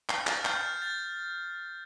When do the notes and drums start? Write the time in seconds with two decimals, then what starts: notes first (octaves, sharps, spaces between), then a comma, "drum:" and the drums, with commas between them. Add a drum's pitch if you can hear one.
0.09 C7, drum: clap
0.21 C7
0.27 A6, drum: clap
0.40 F6
0.45 G6, drum: clap
0.63 F6
0.82 A6